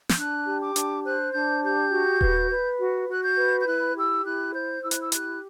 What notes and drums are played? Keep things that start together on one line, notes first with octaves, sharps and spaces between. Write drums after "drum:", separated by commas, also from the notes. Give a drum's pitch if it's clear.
G6, drum: snare
D4 F#6
G4
D6
D4, drum: hi-hat
C5 F#6
D4 G6
G4 G6
F#4
B4, drum: kick D#1
B4
F#4
F#4 F#6
G6
B4
G6
E4 F#6
G4 E6
E4 F#6
C5 G6
E4 E6
F#6, drum: hi-hat
E6
G4 F#6, drum: hi-hat